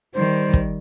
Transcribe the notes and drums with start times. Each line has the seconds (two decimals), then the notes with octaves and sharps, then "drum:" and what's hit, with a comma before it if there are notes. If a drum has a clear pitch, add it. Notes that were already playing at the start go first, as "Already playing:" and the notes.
0.14 D#3 G3 C5
0.53 drum: kick